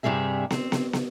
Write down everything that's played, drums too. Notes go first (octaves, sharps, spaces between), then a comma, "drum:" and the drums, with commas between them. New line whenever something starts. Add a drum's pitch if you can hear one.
G2 C3 D#3 G3 G#4 E5
C4, drum: snare
drum: snare
drum: snare